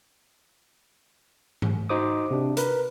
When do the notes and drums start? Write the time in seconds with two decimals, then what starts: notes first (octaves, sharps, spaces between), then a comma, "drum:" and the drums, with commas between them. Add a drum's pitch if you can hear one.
1.62 drum: tom
1.89 D#4 F#4 C5 D6 D#6
2.31 C3 D4
2.57 A#4 B4, drum: hi-hat